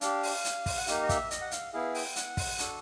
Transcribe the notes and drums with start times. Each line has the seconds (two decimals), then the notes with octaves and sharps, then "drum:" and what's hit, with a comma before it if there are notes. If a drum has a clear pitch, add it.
0.01 D4 G4 F5, drum: hi-hat
0.23 drum: open hi-hat
0.44 drum: hi-hat
0.66 drum: kick, open hi-hat
0.78 F#5
0.87 A#3 D#4 G4 F5, drum: hi-hat
1.03 D#5
1.09 E5, drum: kick, hi-hat
1.31 D#5, drum: hi-hat
1.41 F#5
1.51 F5, drum: hi-hat
1.73 B3 E4 G#4 F5
1.95 G5, drum: open hi-hat
2.16 F#5, drum: hi-hat
2.37 drum: kick, open hi-hat
2.58 D4 F#4 A4, drum: hi-hat